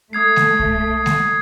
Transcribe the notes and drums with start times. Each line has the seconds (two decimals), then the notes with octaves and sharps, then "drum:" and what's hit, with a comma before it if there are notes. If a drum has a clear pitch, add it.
0.13 A3 D#6 G#6 C7
0.36 drum: snare G#3
0.59 drum: kick C2
1.06 drum: snare G#3